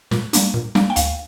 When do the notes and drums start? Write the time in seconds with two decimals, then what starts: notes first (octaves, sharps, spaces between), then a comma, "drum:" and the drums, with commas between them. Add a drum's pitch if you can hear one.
0.11 A#2, drum: snare
0.33 G3 A#3 D4, drum: hi-hat
0.54 A#2
0.75 G3 A#3 D4, drum: snare
0.90 G5
0.96 D2 F5, drum: hi-hat